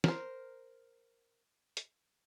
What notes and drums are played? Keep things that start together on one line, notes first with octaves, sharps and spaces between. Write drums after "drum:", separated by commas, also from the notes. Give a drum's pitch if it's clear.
A#4 C5, drum: snare
drum: hi-hat